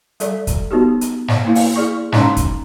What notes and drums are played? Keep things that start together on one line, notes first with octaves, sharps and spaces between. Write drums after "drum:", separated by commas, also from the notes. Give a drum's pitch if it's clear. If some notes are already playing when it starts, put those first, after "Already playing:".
G3 A4 D5, drum: hi-hat
drum: kick, hi-hat
B3 D#4 F#4 G4
drum: hi-hat
drum: snare
A#3 E4 F5
drum: open hi-hat
E4 G#4 D5 C#6
G#3 C#4 D#4 A#5 C6, drum: snare
drum: kick, hi-hat